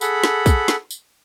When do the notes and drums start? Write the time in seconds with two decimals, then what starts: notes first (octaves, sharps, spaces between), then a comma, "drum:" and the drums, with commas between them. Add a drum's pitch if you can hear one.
0.01 G#4 A4 F#5 B5, drum: tambourine
0.24 drum: snare
0.46 drum: kick, tambourine
0.68 drum: snare
0.91 drum: tambourine